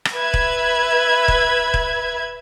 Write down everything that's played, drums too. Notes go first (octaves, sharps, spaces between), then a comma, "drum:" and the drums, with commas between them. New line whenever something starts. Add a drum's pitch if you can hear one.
drum: rim click
B4 E5 G#6
drum: kick D#1
drum: kick D#1
drum: kick D#1